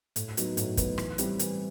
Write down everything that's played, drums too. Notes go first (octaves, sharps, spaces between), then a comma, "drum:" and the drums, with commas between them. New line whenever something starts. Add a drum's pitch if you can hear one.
A2, drum: hi-hat
F#3 B3 D#4, drum: hi-hat
A2, drum: hi-hat
F#3 B3 D#4, drum: kick, hi-hat
E3, drum: rim click
G3 C4 E4, drum: hi-hat
E3, drum: hi-hat